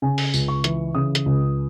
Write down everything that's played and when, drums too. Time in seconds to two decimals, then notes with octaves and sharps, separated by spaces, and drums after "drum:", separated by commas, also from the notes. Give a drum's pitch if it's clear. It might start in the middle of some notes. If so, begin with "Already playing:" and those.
0.02 C#3 G#5
0.18 drum: open hi-hat
0.34 C#2, drum: tambourine
0.48 C#6
0.64 E3, drum: hi-hat
0.95 C#3 D#6
1.15 drum: hi-hat
1.26 C#2